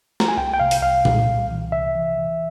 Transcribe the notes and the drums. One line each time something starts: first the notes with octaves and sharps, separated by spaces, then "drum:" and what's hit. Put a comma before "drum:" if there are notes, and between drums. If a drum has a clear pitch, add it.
A#5, drum: snare
G#5
C2 G5
G5
C3 F5
drum: open hi-hat
C2 F5
C2, drum: tom A#2
C2
E3
C3 E5
E3
E3